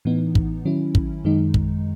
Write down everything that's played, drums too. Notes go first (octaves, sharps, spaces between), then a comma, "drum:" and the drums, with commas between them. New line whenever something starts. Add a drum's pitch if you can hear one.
A2 E3 B3 D#4
drum: kick
D#3 F#3 C#4 E4
drum: kick
F#2 D#3 G#3 D#4
drum: kick